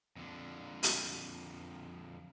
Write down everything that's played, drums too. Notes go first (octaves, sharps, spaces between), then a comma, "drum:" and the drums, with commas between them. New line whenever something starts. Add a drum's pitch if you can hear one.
F2 D3
drum: hi-hat